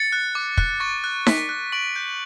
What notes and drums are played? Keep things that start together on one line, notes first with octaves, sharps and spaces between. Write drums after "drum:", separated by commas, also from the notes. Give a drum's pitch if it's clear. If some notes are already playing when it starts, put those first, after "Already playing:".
Already playing: A6 C#7
F#6
D6
F#6, drum: kick
C#6 A6
F#6
C#6 B6, drum: snare D#4
F#6
C#6 D7 F#7
G6